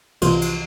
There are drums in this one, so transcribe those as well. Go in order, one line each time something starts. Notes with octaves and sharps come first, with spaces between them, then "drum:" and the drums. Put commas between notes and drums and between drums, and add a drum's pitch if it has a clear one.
C2 C3 E3 F3 F4, drum: cymbal
drum: cymbal